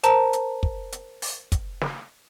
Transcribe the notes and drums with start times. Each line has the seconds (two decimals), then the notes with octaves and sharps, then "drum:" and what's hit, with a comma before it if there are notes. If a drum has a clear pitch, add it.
0.03 A#4 C5 A5 A#5, drum: hi-hat
0.33 drum: hi-hat
0.63 drum: kick
0.92 drum: hi-hat
1.22 drum: open hi-hat
1.52 drum: kick, hi-hat
1.81 drum: snare